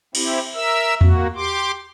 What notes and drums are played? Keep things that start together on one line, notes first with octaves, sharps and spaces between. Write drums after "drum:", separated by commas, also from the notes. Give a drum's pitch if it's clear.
C4 E4 G4, drum: cymbal
A#4 E5 E6
A#3 F#4, drum: tom E2
G4 C6 D6